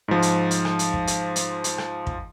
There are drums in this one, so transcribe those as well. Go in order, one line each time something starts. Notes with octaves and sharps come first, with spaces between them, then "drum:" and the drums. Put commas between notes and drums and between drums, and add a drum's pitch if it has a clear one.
G#2 F3
drum: hi-hat
drum: hi-hat
drum: rim click
drum: hi-hat
drum: kick
drum: hi-hat
drum: hi-hat
drum: hi-hat
drum: rim click
drum: kick